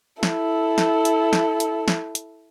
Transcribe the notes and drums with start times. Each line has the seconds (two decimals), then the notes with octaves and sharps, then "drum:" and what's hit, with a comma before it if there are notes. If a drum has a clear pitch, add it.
0.23 E4 A4, drum: snare
0.78 drum: snare
1.05 drum: hi-hat
1.33 drum: snare
1.60 drum: hi-hat
1.88 drum: snare
2.15 drum: hi-hat